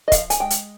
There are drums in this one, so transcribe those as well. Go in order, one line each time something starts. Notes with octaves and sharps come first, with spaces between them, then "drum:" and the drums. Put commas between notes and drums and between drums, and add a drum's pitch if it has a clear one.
D#5
F3 F5, drum: kick, hi-hat
G#5, drum: hi-hat
G#3 G5
drum: hi-hat